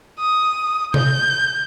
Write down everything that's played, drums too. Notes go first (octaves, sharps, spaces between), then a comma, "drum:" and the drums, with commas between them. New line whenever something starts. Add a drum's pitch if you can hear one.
D#6
G6, drum: tom C3